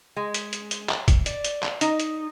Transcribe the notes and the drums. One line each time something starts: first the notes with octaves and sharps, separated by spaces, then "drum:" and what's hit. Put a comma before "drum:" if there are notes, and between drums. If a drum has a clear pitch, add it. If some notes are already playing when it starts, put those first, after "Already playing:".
G#3
drum: hi-hat
drum: hi-hat
drum: hi-hat
drum: clap
drum: kick, hi-hat
D5, drum: hi-hat
drum: hi-hat
drum: clap
D#4, drum: hi-hat
drum: hi-hat